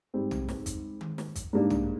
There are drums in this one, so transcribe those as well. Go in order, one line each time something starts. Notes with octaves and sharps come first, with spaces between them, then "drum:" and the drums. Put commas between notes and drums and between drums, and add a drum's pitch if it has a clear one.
G#2 G3 C4
drum: tom
drum: snare
drum: kick, hi-hat
drum: tom D#3
drum: snare
drum: kick, hi-hat
G#2 G3 A#3 D4
drum: tom